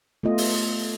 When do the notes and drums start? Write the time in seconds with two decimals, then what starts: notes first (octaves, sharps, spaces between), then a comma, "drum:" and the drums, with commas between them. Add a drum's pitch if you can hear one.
0.23 A3 B3 F4 D#5
0.38 drum: open hi-hat